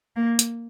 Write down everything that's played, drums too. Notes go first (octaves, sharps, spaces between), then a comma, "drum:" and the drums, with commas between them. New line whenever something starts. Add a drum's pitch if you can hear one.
A#3
drum: hi-hat